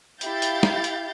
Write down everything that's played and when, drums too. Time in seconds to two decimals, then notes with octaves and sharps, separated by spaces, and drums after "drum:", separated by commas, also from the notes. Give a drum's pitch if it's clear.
0.21 E4 G4 F5 G6 A6, drum: hi-hat
0.42 drum: hi-hat
0.63 drum: snare
0.84 drum: hi-hat